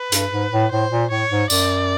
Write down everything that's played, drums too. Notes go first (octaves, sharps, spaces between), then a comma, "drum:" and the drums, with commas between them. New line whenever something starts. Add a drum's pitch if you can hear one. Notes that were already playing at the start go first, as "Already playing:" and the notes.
Already playing: B4
G2, drum: hi-hat
G#2
A2
A2 C5
A#2
A2 C#5
G#2
F#2 D5, drum: tambourine